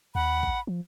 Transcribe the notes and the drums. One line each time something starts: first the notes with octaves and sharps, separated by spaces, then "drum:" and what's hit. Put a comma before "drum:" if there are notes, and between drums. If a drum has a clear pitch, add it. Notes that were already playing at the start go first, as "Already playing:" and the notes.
D#2 F#5 B5
drum: kick A1
F3